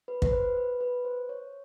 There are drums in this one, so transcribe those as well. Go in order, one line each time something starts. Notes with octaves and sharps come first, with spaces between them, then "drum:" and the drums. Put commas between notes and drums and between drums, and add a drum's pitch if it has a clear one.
B4
B4, drum: kick
C5
B4
B4
C5
C#5